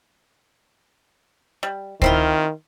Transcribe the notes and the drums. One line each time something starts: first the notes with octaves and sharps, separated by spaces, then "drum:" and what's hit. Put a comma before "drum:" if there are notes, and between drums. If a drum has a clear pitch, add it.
G3
D#3 C4 E4 F4, drum: kick D2